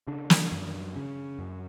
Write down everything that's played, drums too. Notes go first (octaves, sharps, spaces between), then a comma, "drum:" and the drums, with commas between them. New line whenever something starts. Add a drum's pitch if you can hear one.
C#3 D4
drum: snare
F#2
C#3 C#4
F#2